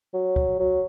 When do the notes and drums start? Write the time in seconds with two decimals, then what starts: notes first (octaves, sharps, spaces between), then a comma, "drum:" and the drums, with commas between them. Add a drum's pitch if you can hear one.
0.13 F#3
0.36 drum: kick
0.59 F#3